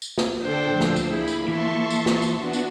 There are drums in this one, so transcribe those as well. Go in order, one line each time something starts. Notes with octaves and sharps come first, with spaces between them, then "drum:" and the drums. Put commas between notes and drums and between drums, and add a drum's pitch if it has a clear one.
drum: tambourine
drum: snare
D3 D4 A4 C5 G5
D2 A#2 F3 A3 E6
drum: snare
drum: tambourine
F3 A#3 E4 G#4 B5
drum: tambourine
E3 E5 A5 C6 C#6
drum: tambourine
drum: snare
drum: tambourine
B3 D4 F#4
drum: tambourine